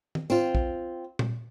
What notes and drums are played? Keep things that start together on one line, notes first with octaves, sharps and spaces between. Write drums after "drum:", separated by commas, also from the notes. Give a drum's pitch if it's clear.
drum: tom D#3
C4 F4, drum: tambourine
drum: kick
drum: tom A#2